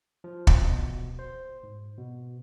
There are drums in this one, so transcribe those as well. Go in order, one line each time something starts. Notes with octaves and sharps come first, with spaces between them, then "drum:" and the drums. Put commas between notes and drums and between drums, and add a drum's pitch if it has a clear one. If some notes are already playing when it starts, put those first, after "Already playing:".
F3
drum: kick
B2
C5
G#2
B2